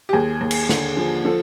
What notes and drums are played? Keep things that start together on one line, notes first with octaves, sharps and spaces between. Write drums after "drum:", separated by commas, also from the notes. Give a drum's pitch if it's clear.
G4
D#2 G#4
D#2
drum: cymbal
D3, drum: snare
F3
F3 A4